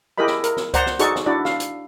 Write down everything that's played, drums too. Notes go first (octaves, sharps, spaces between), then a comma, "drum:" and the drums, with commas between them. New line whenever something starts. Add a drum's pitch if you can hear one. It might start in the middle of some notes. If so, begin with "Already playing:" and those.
E4 G4 G#4 A#4 D#5 B5
drum: snare
A#4, drum: hi-hat
drum: snare
C5 D5 F#5 A#5, drum: kick C#2, hi-hat
drum: snare
D#4 F#4 G#4 A4 D5 C#6, drum: hi-hat
drum: snare
D4 E4 F#4 D5
F5, drum: snare
drum: hi-hat